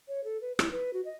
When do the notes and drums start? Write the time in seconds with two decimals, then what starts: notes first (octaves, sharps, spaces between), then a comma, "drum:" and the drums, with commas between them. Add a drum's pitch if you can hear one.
0.08 C#5
0.24 A4
0.41 B4
0.59 E4, drum: rim click
0.71 B4
0.93 F#4
1.05 D#5